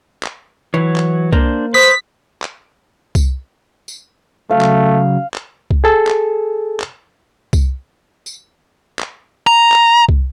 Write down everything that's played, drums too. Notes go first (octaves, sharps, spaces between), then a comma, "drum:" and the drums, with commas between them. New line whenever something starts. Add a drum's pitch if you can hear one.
drum: clap
E3 F#3 C#5
drum: clap
A#3 D4 C5, drum: kick C2
B4 C5 D#6 B6
drum: clap
drum: kick C2, tambourine
drum: tambourine
C#3 F#3 A3 F5
drum: clap
drum: clap
drum: kick C2
G#4 A4
drum: clap
drum: clap
drum: kick C2, tambourine
drum: tambourine
drum: clap
A#5
drum: clap
drum: kick C2